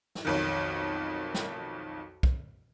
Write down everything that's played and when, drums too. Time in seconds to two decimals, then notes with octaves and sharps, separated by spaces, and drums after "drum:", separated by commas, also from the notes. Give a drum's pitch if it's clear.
0.15 drum: snare
0.25 B1 F2 D#3
1.34 drum: snare
2.23 drum: kick B1